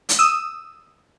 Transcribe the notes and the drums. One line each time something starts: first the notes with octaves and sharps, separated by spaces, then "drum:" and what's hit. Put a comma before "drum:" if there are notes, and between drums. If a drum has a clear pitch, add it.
drum: hi-hat
D#6 E6